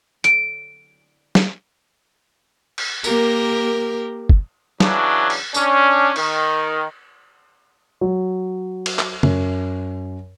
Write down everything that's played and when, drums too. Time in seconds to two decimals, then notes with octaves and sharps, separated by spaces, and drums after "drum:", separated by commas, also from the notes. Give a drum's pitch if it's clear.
0.24 D7, drum: hi-hat
1.35 drum: snare
2.78 drum: cymbal
3.04 A#3 G4 A#4, drum: tambourine
4.29 drum: kick
4.80 C#3 E3 F#3 D4, drum: snare
5.30 drum: cymbal
5.54 C#4 D4, drum: tambourine
6.16 D#3, drum: cymbal
8.01 F#3
8.86 drum: cymbal
8.99 drum: clap
9.23 F#2, drum: tom